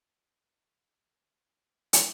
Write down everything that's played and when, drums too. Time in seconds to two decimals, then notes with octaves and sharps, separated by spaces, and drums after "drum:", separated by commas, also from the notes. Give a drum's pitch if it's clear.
0.20 C#2
1.46 C#4
1.93 drum: hi-hat